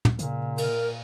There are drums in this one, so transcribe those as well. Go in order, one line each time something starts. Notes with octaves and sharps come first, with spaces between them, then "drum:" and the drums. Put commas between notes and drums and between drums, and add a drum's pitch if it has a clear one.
drum: tom
A#2 C#3, drum: hi-hat
A#4, drum: cymbal